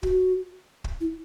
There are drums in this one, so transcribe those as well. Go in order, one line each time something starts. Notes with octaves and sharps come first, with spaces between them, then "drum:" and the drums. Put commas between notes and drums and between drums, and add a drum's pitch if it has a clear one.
F#4, drum: kick
drum: kick
E4